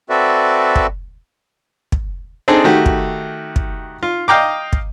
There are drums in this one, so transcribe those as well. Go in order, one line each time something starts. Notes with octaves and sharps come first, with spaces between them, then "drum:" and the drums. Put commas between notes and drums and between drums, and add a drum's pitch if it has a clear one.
C4 F#4 A4 B4 D5 E5
drum: kick
drum: kick
C4 D4 D#4 G#4 A4 C5
D#3 A3 F#4 G4
drum: kick
drum: kick
F4
D#5 F5 G5 A#5 D6
drum: kick